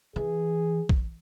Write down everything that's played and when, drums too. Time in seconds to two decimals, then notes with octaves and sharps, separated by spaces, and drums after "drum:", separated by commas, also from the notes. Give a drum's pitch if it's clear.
0.16 E3 G#4
0.89 drum: kick